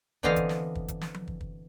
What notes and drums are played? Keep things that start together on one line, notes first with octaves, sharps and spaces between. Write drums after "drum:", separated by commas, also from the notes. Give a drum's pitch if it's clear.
D3 E3 B3 C4 D#5 F5, drum: kick
drum: kick, hi-hat
drum: snare
drum: kick
drum: kick, hi-hat
drum: snare
drum: tom F3
drum: kick
drum: kick